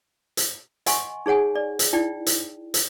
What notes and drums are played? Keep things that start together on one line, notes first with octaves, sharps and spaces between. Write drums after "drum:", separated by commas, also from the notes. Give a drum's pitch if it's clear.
drum: hi-hat
D#5 F#5 G#5 C6 C#6, drum: hi-hat
D#4 G#4 C#5 F#5 G#5
D5
drum: hi-hat
D#4 E4 D5 G5
drum: hi-hat
drum: hi-hat